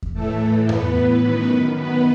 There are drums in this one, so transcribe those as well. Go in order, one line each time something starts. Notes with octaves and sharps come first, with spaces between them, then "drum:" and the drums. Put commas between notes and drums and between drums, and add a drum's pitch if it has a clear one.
drum: kick E2
A2 E3 A3 A4
B3 B4, drum: tom F2
F#2 D#3
B3 B4